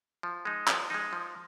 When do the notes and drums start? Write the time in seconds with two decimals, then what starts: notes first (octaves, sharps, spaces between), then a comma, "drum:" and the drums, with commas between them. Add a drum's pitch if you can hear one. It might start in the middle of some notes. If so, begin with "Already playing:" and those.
0.23 F3
0.45 G#3 D#4
0.68 F3, drum: clap
0.90 G#3 D#4
1.13 F3